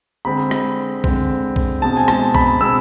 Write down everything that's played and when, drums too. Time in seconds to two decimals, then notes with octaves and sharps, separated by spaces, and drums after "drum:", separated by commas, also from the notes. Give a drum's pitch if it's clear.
0.25 D3 G#3 C4 B5
0.51 drum: rim click
1.04 D3 G#3 C4, drum: kick A#1
1.56 drum: kick A#1
1.82 B2 G#3 C4 A5
1.97 G#5
2.08 A5, drum: rim click
2.35 B5, drum: kick A#1
2.61 B2 G#3 C4 E6